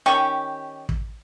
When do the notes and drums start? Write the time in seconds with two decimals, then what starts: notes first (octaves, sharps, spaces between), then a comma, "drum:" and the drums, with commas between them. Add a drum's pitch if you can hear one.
0.06 D#3 C#4 G4 C#6
0.89 drum: kick